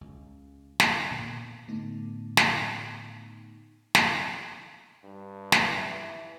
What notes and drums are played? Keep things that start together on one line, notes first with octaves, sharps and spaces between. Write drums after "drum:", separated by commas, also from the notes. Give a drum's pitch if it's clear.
C#2
drum: snare
A#2 D#3 A#3 B3
A2 D3 A3 B3 D#4
drum: snare
drum: snare
G2
drum: snare
E3